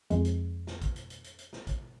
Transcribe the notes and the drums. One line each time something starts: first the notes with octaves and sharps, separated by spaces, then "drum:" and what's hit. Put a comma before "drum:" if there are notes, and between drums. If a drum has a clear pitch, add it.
F2 G#3, drum: hi-hat
drum: hi-hat
drum: snare
drum: kick, hi-hat
drum: hi-hat
drum: hi-hat
drum: hi-hat
drum: hi-hat
drum: snare
drum: kick, hi-hat